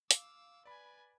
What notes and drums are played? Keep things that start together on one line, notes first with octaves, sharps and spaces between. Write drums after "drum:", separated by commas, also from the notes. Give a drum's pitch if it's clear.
F5 D6 E6, drum: hi-hat
B4 D5 G#5 B5